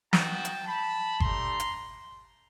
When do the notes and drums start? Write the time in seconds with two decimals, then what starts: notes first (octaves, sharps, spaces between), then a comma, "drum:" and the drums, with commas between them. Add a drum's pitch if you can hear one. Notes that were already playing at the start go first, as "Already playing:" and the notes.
0.13 B3 D#4 F#4 G5 A5, drum: snare
0.45 drum: hi-hat
0.66 A5 B5
1.20 A3 D4 G4 A#5 C6, drum: kick G1
1.60 drum: hi-hat